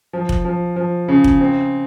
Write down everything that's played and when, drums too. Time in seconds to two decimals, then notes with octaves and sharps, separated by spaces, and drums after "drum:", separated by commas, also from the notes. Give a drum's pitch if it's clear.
0.13 F3
0.29 drum: kick F1
0.45 F3
0.76 F3
1.08 C#3
1.24 drum: kick F1
1.41 C4